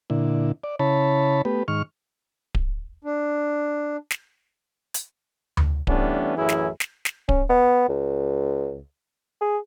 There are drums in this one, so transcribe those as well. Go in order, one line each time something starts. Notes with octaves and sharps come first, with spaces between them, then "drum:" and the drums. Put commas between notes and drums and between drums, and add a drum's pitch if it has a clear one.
A#2 D3 E4
D5
C#3 E4 C#5 A5 B5
A3 B3 G4 B4
G#2 D#3 C#6 F6
drum: kick D1
D4
drum: snare
drum: hi-hat
drum: tom D2
E3 G3 A3 B3 C#4 D4, drum: kick D1
A1 F#2 E3 C#4 E4 G#4
drum: snare
drum: snare
drum: snare
C#4, drum: kick D1
B3
C#2
G#4